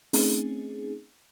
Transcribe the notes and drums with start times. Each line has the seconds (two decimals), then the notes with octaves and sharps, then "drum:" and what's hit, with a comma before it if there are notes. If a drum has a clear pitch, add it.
0.13 A3 C4 C#4 D#4 G#4, drum: open hi-hat